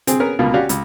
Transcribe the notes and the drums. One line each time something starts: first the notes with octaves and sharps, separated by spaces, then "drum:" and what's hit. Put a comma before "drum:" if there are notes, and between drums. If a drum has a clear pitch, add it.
C3 C4 G#4, drum: hi-hat
B3 C#4 G#4 A#4
C#2 B2 A#3 F4
C#4 F#4 G4 D5 F5
C#2, drum: hi-hat